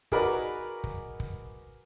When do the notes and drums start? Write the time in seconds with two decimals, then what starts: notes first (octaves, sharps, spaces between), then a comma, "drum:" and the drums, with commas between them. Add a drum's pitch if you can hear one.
0.12 D#4 F#4 G#4 A#4 B4 D5, drum: kick
0.84 drum: kick
1.20 drum: kick